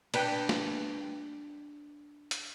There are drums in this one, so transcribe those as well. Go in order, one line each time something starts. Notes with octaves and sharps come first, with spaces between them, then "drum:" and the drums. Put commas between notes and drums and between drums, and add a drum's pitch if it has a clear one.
D4 B4 G5, drum: cymbal
drum: snare
drum: hi-hat